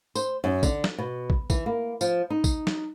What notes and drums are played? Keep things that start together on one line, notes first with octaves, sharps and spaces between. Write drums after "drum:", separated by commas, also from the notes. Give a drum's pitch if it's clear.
C5, drum: tambourine
F#2
D3, drum: kick, tambourine
drum: snare
B2
drum: kick
E3, drum: kick, tambourine
A#3
F3, drum: tambourine
D#4
drum: kick, tambourine
drum: snare